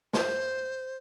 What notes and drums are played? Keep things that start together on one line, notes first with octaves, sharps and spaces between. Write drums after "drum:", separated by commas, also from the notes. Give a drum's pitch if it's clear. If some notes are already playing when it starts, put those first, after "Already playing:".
C5, drum: snare